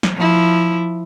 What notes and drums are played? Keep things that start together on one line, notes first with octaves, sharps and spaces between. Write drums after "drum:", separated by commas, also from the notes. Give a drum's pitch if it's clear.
drum: snare
F3 E4